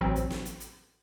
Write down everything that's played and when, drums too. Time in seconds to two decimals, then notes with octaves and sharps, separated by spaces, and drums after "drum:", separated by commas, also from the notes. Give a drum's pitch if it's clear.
0.01 A1 F#3 C4
0.16 drum: kick, hi-hat
0.30 drum: snare
0.45 drum: hi-hat
0.60 drum: hi-hat